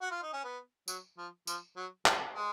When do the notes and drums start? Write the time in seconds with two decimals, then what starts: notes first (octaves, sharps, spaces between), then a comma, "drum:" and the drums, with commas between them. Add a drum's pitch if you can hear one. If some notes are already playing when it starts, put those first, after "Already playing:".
0.01 F#4
0.11 F4
0.23 D#4
0.33 C#4
0.44 B3
0.88 F#3, drum: tambourine
1.18 F3
1.47 F3, drum: tambourine
1.76 F#3
2.06 F3, drum: clap
2.35 G#3